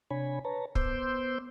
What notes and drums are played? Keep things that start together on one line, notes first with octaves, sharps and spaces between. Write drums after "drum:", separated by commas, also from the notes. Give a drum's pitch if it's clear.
C3 D4 C#5 G#5 B5
B4 C#5 A5 A#5
B3 C5 C6 D6 E6 G6, drum: kick